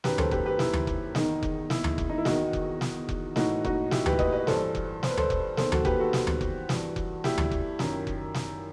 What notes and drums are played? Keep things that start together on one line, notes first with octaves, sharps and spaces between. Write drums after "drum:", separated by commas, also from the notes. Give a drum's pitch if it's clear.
F#2 D#3 G4 B4, drum: snare
A4 C5, drum: tom D2
G4 B4, drum: kick F1
G4 B4
E4, drum: snare
drum: tom D2
drum: kick F1
E2 D#3 D#4, drum: snare
drum: kick F1
E4, drum: snare
drum: tom D2
drum: kick F1
D#4
E4
E2 D#3 D#4 F#4, drum: snare
drum: kick F1
drum: snare
drum: kick F1
A2 E3 D#4 F#4, drum: snare
D#4 F#4, drum: kick F1
E4 G4, drum: snare
G4 B4, drum: tom D2
B4 D#5, drum: kick F1
B4 D#5
G2 E3 A4 C5, drum: snare
drum: kick F1
C5, drum: snare
B4
A4 C5, drum: tom D2
drum: kick F1
E2 D#3 A4 C5, drum: snare
F#4 A4, drum: tom D2
G4 B4, drum: kick F1
F#4 A4
drum: snare
drum: tom D2
drum: kick F1
G2 E3, drum: snare
drum: kick F1
E4 G4, drum: snare
drum: tom D2
drum: kick F1
F#2 D#3, drum: snare
drum: kick F1
drum: snare